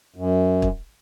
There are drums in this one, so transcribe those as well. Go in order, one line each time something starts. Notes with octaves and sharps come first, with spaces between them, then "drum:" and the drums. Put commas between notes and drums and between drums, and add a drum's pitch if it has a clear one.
F#2
drum: kick